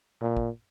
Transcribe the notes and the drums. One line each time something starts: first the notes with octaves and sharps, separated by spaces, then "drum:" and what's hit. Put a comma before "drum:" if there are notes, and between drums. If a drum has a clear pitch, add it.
A#2
drum: kick